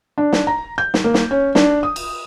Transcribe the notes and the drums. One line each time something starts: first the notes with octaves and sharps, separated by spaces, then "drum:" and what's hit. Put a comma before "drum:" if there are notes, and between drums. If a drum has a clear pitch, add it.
D4
drum: snare
A#5
G6
drum: snare
A#3
drum: snare
C#4
D4, drum: snare
D#6
drum: cymbal